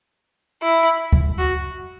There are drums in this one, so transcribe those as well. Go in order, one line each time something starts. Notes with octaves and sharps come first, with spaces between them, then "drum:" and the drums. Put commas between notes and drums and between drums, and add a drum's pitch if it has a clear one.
E4
drum: kick C#2
F#4